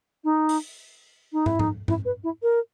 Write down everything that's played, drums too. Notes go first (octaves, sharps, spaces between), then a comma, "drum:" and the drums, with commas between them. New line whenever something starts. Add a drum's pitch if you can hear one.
D#4
drum: open hi-hat
D#4
E4, drum: tom
D#4, drum: tom
E4, drum: tom
B4
E4
A#4